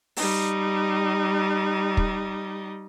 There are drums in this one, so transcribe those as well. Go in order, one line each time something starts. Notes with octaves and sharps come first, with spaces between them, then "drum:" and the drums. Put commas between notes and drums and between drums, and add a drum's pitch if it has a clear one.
G3 D#4, drum: open hi-hat
drum: kick